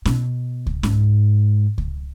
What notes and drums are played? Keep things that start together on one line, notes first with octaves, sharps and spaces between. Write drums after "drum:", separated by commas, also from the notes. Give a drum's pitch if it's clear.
B2, drum: snare C#4
drum: kick C#2
G#2, drum: snare C#4
drum: kick C#2